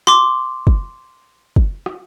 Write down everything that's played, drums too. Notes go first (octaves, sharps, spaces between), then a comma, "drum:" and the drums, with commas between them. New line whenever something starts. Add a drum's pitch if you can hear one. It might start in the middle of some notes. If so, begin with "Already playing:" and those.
C6 D6, drum: rim click
drum: kick
drum: kick
drum: rim click